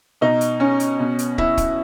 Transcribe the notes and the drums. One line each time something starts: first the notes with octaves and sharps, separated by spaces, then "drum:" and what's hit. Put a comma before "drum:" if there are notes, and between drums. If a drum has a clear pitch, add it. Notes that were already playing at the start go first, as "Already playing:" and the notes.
B2 D#4
drum: hi-hat
C#4
drum: hi-hat
B2
drum: hi-hat
E4, drum: kick
drum: kick, hi-hat